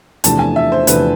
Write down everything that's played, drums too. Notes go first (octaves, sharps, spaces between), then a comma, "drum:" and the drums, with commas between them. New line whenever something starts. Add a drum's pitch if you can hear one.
E2 C3 F3 A3 D4 A5, drum: hi-hat
G#5
E5
C5
E2 C3 F3 A3 D4 B4, drum: hi-hat